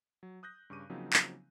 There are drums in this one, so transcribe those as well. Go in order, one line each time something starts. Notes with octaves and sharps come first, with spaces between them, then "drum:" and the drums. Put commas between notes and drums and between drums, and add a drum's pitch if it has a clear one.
F#3
D#6 F#6 G6 A#6
G2 C#3 C#6 D6 D#7
C#3 F3 F#3 A#3 C4 D#4
drum: clap